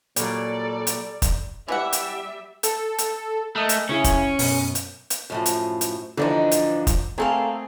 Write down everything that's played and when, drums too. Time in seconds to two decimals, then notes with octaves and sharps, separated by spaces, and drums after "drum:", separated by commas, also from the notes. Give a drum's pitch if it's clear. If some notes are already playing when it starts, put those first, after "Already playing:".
0.16 A#2 F#3 G3 A4 D5 A#5, drum: hi-hat
0.87 drum: hi-hat
1.22 drum: kick, hi-hat
1.68 E3 G3 E5 F#5
1.93 drum: hi-hat
2.63 A4, drum: hi-hat
2.98 drum: hi-hat
3.56 A3 A#4 D#5 G#5
3.69 drum: hi-hat
3.89 C#3 C#4 E4 G#4
4.04 drum: kick, hi-hat
4.39 F#2 B2, drum: open hi-hat
4.75 drum: hi-hat
5.10 drum: hi-hat
5.30 F#2 A2 F3
5.46 drum: hi-hat
5.81 drum: hi-hat
6.17 G#2 D3 E3 F3 D4 D#4
6.51 drum: hi-hat
6.87 drum: kick, hi-hat
7.18 A3 A#3 C4 G#4 A4 F5